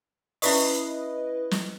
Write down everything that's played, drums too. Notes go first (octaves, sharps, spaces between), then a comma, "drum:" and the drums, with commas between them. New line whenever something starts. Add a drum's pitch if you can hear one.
C#4 E4 B4 D5 D#5 C#6, drum: open hi-hat
drum: snare